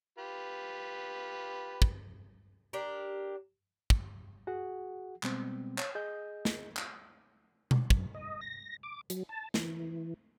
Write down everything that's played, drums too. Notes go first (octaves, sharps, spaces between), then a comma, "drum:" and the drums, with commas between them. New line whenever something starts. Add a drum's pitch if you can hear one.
F4 G4 B4
drum: kick
D4 G4 A#4
drum: kick
F#4 G#4 F#5
B2 G3 G#3 B3 C4, drum: clap
C#5, drum: clap
G#4 D#5 G6
drum: snare
drum: clap
drum: tom B2
F#2, drum: kick
D#5
A#6
D6
F#3, drum: hi-hat
A5
E3, drum: snare